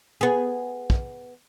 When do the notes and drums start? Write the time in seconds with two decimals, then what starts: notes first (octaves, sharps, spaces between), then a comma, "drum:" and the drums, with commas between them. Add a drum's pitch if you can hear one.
0.21 B3 G#4
0.90 drum: kick